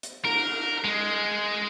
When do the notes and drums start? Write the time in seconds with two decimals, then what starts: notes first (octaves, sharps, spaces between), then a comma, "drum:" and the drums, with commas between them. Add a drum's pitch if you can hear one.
0.03 drum: hi-hat
0.25 A#4, drum: cymbal
0.84 G#3